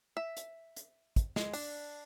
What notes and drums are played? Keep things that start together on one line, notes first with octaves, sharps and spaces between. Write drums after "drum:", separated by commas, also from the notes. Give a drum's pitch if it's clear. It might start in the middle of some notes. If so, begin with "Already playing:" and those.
E5
drum: hi-hat
drum: hi-hat
drum: kick, hi-hat
G#3, drum: snare
D4, drum: open hi-hat